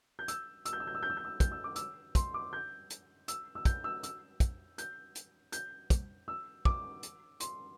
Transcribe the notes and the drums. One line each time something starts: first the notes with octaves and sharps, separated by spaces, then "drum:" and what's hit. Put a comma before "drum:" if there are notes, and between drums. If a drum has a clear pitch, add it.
G6
E6, drum: hi-hat
E6, drum: hi-hat
G6
E6
G6
E6
G6
E6
G6
E6
G6, drum: kick, hi-hat
E6
D6
E6, drum: hi-hat
C6, drum: kick, hi-hat
D6
G6
drum: hi-hat
E6, drum: hi-hat
E6
G6, drum: kick, hi-hat
E6
E6, drum: hi-hat
drum: kick, hi-hat
G6, drum: hi-hat
drum: hi-hat
G6, drum: hi-hat
drum: kick, hi-hat
E6
D6, drum: kick
drum: hi-hat
C6, drum: hi-hat